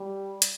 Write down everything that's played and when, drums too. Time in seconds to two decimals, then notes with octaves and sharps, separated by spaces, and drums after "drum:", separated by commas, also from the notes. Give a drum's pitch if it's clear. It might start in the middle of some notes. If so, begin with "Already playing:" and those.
Already playing: G3
0.42 drum: hi-hat